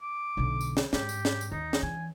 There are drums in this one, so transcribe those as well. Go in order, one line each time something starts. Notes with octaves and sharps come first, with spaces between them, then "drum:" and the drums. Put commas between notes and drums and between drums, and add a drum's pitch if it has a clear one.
D6
B1 D3
drum: tambourine
drum: snare
G#2 G4, drum: snare
drum: tambourine
drum: snare
drum: tambourine
D#2 D#4
drum: snare
E3 G#5